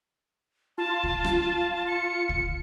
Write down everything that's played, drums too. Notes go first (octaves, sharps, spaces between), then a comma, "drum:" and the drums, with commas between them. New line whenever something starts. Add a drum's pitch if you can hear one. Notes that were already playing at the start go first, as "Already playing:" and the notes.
F4 A5
drum: kick C#2
drum: rim click
C#7
drum: kick C#2